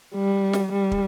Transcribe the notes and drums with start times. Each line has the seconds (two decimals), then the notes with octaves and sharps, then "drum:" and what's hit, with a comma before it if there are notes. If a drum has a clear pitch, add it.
0.15 G3
0.53 drum: snare
0.73 G3
0.92 drum: kick